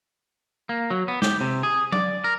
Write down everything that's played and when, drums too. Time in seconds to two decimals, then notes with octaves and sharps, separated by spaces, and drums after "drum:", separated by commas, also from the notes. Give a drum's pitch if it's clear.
0.69 A#3
0.90 F#3
1.08 B3
1.22 G4, drum: snare
1.41 C3
1.63 G#4
1.92 D5, drum: tom F#3
2.24 A#4